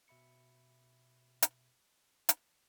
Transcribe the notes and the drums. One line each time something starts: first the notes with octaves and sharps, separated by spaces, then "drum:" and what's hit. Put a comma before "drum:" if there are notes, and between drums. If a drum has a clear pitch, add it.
B2 E5 B5 C#7
drum: hi-hat
drum: hi-hat